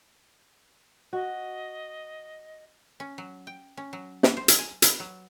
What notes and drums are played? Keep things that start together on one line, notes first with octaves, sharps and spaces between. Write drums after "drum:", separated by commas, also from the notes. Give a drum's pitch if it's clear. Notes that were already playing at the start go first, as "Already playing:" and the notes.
F#4 D#5
C#4
F#3
G5
C#4
F#3
B3, drum: snare
C5
drum: hi-hat
G#5
B4, drum: hi-hat
F#3